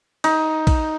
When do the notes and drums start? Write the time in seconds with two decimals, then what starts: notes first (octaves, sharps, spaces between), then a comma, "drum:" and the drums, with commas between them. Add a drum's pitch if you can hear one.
0.24 D#4, drum: cymbal
0.67 drum: kick A#1, cymbal